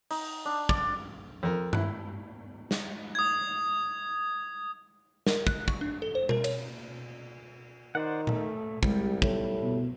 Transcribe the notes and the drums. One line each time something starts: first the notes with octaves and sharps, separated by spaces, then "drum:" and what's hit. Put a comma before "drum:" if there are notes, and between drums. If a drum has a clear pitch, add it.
D#4, drum: open hi-hat
D4
D5, drum: kick
F2 A#4
E4 F#6, drum: tom G2
drum: snare
D#6 G#6
A#4, drum: snare
F#6, drum: kick
C#6, drum: kick
D4
A4
C5
A#4, drum: tom B2
C#5, drum: cymbal
D#3 C5 D5 F#5
A3, drum: tom A#2
C2 G3 G#3, drum: kick
B1 A2, drum: kick
B2